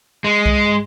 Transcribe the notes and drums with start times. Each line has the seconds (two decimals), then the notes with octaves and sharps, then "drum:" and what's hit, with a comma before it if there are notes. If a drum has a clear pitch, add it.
0.24 G#3
0.46 drum: kick C2